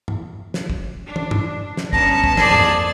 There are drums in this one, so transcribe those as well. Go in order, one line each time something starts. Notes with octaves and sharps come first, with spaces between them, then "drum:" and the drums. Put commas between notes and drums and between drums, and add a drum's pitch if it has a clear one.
drum: tom
drum: snare
drum: kick
D4
drum: tom
drum: tom
drum: snare
G2 B3 C#4 A5 A#5, drum: kick
drum: kick
F2 A#3 G#4 C5 D5, drum: tom
drum: tom